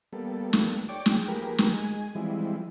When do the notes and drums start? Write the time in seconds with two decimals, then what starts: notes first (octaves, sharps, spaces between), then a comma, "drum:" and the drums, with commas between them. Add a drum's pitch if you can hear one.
0.13 G3 A#3 B3 A4
0.53 drum: snare
0.89 C#5 D5 G5 D6
1.06 G#4 G5, drum: snare
1.28 F3 A#3 G4 G#4 A#4 B4
1.58 drum: snare
1.72 G#3 G#5
2.15 E3 F3 G3 G#3 C4 E4